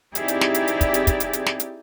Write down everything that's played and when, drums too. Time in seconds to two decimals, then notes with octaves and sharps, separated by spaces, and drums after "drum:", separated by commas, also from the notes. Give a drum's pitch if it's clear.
0.15 C4 D#4 E4 G4 G#4 D5, drum: hi-hat
0.28 drum: hi-hat
0.41 drum: snare
0.54 drum: hi-hat
0.68 drum: hi-hat
0.81 drum: kick, hi-hat
0.94 drum: hi-hat
1.07 drum: kick, hi-hat
1.20 drum: hi-hat
1.33 drum: hi-hat
1.46 drum: snare
1.60 drum: hi-hat